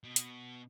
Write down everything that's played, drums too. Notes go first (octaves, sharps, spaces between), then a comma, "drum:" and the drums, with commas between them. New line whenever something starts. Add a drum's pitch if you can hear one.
B2
drum: hi-hat